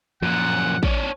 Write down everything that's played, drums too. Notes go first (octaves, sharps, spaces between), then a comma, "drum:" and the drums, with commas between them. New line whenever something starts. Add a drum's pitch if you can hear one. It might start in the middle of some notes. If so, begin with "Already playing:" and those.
F#2 A#2 F3 F#5
C#4 D4, drum: kick A1